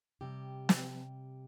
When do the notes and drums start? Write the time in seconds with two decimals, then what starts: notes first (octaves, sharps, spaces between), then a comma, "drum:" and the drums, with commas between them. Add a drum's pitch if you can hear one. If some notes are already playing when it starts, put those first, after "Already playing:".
0.21 C3 G3 G4
0.69 drum: snare